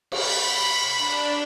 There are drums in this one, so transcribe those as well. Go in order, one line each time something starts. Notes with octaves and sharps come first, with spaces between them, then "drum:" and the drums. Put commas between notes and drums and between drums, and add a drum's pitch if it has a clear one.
B5, drum: cymbal
D4